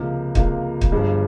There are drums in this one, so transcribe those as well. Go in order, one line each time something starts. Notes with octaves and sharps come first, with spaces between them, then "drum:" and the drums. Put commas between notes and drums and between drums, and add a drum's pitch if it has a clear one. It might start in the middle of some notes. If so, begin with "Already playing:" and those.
Already playing: C#2 C3 F3 A#3 F4
C#2 C3 F3 A#3 F4, drum: kick
drum: kick
G1 G2 F3 G#3